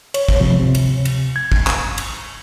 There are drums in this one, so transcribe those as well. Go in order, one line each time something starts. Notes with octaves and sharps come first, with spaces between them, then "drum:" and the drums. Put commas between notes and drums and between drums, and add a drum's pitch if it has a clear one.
C#5, drum: cymbal
drum: kick
G#2 C3 F3
D2 C3
drum: cymbal
drum: cymbal
G#6
drum: kick
drum: clap
drum: cymbal